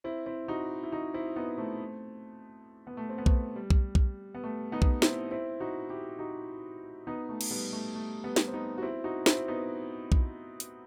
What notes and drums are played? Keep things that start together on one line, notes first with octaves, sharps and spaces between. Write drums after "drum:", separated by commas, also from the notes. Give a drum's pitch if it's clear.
C4 E4
C4 E4
D#4 F#4
E4
D#4 F#4
C4 E4
B3 D#4
A3 C4
B3
A3
C4
B3
A3, drum: kick B1
G3
drum: kick B1
drum: kick B1
B3
A3
B3 D#4
drum: kick B1
C4 E4, drum: snare
C4 E4
D#4 F#4
E4 G4
D#4 F#4
B3 D#4
A3
drum: cymbal
G3 B3
A3
A3
G3 B3
drum: snare
C4
B3 D#4
F#4
C4 E4
D#4 F#4
C4 E4, drum: snare
B3 D#4
drum: kick B1
drum: hi-hat